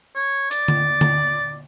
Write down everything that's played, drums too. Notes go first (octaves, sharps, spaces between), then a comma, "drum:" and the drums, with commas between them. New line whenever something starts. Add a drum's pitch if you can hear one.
C#5
D5, drum: hi-hat
drum: tom D3
drum: tom D3